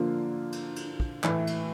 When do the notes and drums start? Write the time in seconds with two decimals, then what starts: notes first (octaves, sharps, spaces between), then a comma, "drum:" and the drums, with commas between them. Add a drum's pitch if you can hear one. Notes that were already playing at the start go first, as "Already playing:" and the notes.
Already playing: D3 F3 A#3 F4
0.52 drum: cymbal
0.76 drum: cymbal
1.00 drum: kick
1.24 A2 E3 A3, drum: clap
1.47 drum: cymbal